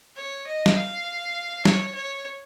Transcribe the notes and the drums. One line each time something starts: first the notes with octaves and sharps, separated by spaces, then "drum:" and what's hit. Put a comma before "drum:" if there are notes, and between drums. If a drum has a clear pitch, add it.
C#5
D#5
drum: snare
F5
C#5, drum: snare
C#5